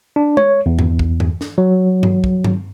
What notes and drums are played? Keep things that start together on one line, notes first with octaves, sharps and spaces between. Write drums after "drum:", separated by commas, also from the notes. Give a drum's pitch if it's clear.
D4
C#5, drum: tom G#3
E2
drum: tom G2
drum: kick
drum: tom G2
drum: snare
F#3
drum: tom G2
drum: kick
drum: tom G2